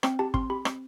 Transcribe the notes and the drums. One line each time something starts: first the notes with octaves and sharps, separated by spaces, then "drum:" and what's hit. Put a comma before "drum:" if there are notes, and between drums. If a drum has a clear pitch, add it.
C4 G5, drum: rim click
G4 A5
C4 C6, drum: kick
G4 B5
C4, drum: rim click